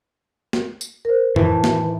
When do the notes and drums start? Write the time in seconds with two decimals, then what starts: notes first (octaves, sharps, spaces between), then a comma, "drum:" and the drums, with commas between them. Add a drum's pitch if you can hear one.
0.53 drum: snare
0.81 drum: tambourine
1.05 A#4 C5
1.36 A2 D#3 E3 A5, drum: tom F2
1.64 drum: snare